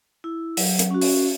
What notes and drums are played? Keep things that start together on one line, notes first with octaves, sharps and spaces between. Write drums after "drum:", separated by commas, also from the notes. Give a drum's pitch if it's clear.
E4
F#3, drum: open hi-hat
drum: hi-hat
C#4 F#4
drum: open hi-hat